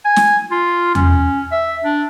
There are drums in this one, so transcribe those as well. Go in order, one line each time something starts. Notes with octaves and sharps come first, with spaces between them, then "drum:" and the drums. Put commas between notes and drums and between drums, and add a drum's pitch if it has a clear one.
G#5
drum: snare
F4
C#4, drum: tom E2
E5
D4